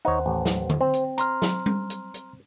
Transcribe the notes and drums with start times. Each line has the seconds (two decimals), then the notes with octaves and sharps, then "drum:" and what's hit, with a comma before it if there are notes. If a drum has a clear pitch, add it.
0.05 D#2 D#4 C5 C#5 F#5
0.26 A1
0.45 drum: snare
0.69 drum: tom D3
0.81 C4 C5
0.94 drum: hi-hat
1.18 A#5 C6 F6, drum: hi-hat
1.42 drum: snare
1.66 drum: tom G3
1.90 drum: hi-hat
2.14 drum: hi-hat